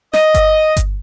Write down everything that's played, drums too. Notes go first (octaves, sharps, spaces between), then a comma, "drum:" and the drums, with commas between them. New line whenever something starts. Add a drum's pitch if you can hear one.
D#5, drum: snare
drum: kick G1, hi-hat
drum: kick G1, hi-hat